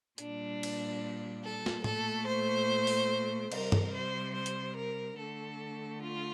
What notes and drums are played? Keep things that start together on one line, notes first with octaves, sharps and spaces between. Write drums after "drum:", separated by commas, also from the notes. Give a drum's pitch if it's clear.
A#2 G3 D4, drum: hi-hat
drum: cymbal
A4
drum: snare
A#2 A3 A4, drum: tom A2
C5
drum: open hi-hat
C3 G3 A#4, drum: cymbal
drum: tom G2
C5
C5
drum: hi-hat
A#4
D3 A3 A4
F4